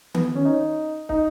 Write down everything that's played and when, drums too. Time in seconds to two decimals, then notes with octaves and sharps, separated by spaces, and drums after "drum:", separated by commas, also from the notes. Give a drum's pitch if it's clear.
0.14 B3, drum: tom D#3
0.35 C#4
0.45 D#4
1.09 D#4, drum: kick